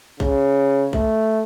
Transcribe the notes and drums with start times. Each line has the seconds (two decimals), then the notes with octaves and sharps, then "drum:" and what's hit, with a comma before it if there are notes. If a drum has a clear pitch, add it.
0.20 C#3, drum: kick A#1
0.93 A3, drum: kick A#1